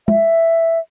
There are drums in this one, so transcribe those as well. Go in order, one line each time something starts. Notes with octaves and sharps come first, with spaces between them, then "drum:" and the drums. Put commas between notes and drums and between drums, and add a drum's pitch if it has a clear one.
E5, drum: tom